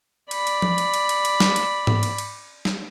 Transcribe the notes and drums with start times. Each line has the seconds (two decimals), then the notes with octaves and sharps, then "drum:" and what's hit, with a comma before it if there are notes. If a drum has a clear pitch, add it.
0.31 D5 B5, drum: cymbal
0.47 drum: cymbal
0.62 drum: tom F3
0.78 drum: cymbal
0.94 drum: cymbal
1.09 drum: cymbal
1.25 drum: cymbal
1.40 drum: snare
1.56 drum: cymbal
1.87 drum: tom G#2
2.03 drum: cymbal
2.18 drum: cymbal
2.65 drum: snare